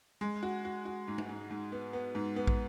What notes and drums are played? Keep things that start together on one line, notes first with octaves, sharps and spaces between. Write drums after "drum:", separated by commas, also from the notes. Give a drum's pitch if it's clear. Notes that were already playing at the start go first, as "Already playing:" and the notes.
G#3
F#4
F#4
F#4
G#2
drum: tom G#3
G#2
G#2
B3
B3
G#2
B3
drum: kick